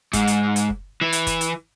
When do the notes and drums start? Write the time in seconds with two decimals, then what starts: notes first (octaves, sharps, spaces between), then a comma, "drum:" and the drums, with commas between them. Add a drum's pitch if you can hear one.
0.13 G#2, drum: kick, hi-hat
0.28 drum: hi-hat
0.56 drum: hi-hat
0.70 drum: kick
1.01 E3
1.12 drum: hi-hat
1.27 drum: kick, hi-hat
1.41 drum: hi-hat